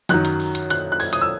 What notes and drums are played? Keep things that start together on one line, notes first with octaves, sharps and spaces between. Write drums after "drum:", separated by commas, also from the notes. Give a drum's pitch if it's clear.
F#2 D#3 F#3 F#6, drum: hi-hat
drum: hi-hat
drum: open hi-hat
drum: hi-hat
F#6, drum: hi-hat
F#6
G#6, drum: open hi-hat
D#6, drum: hi-hat
E6